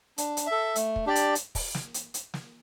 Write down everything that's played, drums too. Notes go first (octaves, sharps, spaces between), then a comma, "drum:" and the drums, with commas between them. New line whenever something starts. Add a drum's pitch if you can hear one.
D4, drum: hi-hat
drum: hi-hat
E5
A4
A3, drum: hi-hat
drum: kick
D4 G4 D5
drum: hi-hat
drum: hi-hat
drum: kick, open hi-hat
drum: snare
drum: hi-hat
drum: hi-hat
drum: snare